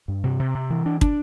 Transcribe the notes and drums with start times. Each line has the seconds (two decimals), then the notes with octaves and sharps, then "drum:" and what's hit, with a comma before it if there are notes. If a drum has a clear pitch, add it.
0.08 G2
0.24 C3
0.39 C3
0.54 C3
0.70 E3
0.86 D4
1.01 D4, drum: kick